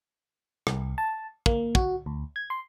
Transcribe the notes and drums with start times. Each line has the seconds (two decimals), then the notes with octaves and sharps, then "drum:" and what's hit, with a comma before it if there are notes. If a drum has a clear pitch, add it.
0.67 C2, drum: rim click
0.98 A5
1.46 A#3, drum: kick
1.75 F#4, drum: kick
2.06 D2
2.36 G#6
2.50 C6